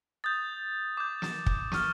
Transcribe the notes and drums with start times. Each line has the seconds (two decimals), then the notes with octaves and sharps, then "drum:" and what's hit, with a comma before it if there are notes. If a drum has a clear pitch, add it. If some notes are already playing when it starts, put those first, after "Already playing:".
0.24 D#6 G6 A6
0.97 D6 G6
1.22 drum: snare
1.46 drum: kick
1.72 C#6 F6, drum: snare